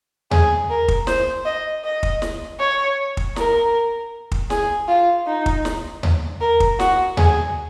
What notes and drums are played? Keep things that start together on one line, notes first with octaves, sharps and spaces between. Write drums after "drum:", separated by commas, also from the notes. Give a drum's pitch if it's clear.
G#4, drum: tom D#2
A#4
drum: kick
C5, drum: snare
D#5
D#5
drum: kick
drum: snare
C#5
drum: kick
A#4, drum: snare
drum: kick
G#4, drum: snare
F4
D#4
drum: kick
drum: snare
drum: tom D#2
A#4
drum: kick
F#4, drum: snare
G#4, drum: tom D#2